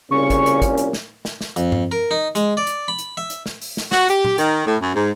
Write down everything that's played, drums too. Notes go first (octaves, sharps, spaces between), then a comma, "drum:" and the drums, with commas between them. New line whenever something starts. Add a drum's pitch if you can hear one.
C2 A#2 C#3 C#4 C#6
drum: kick, hi-hat
drum: hi-hat
drum: kick, hi-hat
drum: hi-hat
drum: snare
drum: snare
drum: snare
F2, drum: hi-hat
drum: tom G2
A#4
D#4
G#3, drum: hi-hat
D5
drum: hi-hat
B5
drum: hi-hat
E5
drum: hi-hat
drum: snare
drum: open hi-hat
drum: snare
F#4, drum: snare
G4, drum: hi-hat
drum: tom A#2
D#3, drum: hi-hat
A2
F#2
G#2